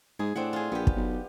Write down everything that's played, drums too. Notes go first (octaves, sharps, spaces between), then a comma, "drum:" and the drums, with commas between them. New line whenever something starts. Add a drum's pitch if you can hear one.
G#2 G#4
A2 C4 D4 F#5
F4 G#4
A#1 B3 G4
drum: kick
B1